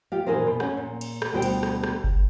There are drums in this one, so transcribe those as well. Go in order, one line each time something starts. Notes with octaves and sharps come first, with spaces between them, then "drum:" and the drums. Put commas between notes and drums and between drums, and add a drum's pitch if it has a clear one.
F4 G4 F5
A#2 E3 D#4 G#4 A#4 C5
B2
C#4 F#5, drum: rim click
A#2
drum: cymbal
drum: rim click
D2 B2 G3 G#4 C5 G5
drum: cymbal
drum: rim click
drum: rim click
drum: kick F#1